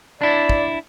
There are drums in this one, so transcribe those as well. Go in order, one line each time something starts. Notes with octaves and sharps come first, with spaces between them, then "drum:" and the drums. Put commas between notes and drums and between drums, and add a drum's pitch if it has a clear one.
D4 E4 D5
drum: kick